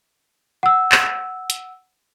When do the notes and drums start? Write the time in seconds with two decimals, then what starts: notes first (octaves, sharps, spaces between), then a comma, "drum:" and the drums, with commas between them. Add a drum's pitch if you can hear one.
0.63 F#5 E6
0.92 drum: clap
1.50 drum: hi-hat